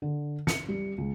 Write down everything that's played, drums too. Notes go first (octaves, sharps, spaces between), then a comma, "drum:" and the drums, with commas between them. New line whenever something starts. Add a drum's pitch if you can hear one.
D3
C#7, drum: snare
G3
C#2